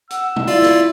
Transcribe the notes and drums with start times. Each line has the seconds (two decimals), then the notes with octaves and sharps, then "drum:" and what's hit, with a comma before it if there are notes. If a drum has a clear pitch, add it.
0.10 F#5 E6, drum: hi-hat
0.36 drum: tom
0.48 E4 F4 D5 F5
0.62 drum: snare